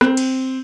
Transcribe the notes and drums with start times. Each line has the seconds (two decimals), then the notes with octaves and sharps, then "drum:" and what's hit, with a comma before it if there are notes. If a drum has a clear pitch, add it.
0.01 C4, drum: rim click
0.17 drum: cymbal